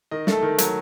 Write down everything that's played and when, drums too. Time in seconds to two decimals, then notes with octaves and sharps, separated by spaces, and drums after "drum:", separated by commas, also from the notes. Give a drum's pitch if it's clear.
0.11 D#3 D#5
0.27 A3, drum: snare
0.32 A4
0.43 D#3
0.58 F#3, drum: hi-hat